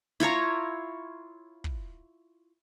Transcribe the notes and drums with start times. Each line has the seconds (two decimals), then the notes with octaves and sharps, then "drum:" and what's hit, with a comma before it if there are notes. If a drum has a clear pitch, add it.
0.20 E4 F4 C#5 A#5, drum: snare
1.64 drum: kick